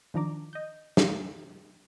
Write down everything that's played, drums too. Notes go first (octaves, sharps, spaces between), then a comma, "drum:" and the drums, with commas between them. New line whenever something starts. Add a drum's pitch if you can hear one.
D#3 F3 D4 A#5 D6
D#5 G6
A3 D4 D#4 G#4 A4 F5, drum: snare